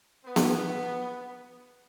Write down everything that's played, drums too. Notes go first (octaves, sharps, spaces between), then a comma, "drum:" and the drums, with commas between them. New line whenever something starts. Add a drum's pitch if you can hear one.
B3
drum: snare B3